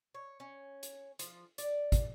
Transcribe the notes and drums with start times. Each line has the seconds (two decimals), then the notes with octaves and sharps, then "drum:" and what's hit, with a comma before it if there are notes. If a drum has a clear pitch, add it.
0.14 C#5
0.40 C#4
0.83 drum: hi-hat
1.19 F3, drum: hi-hat
1.58 D5, drum: hi-hat
1.92 drum: kick, hi-hat